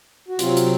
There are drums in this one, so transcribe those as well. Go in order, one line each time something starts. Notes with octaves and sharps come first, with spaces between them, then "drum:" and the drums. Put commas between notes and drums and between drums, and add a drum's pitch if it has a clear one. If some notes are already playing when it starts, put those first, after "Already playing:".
F#4
C3 F#3 C4 F4, drum: hi-hat
drum: hi-hat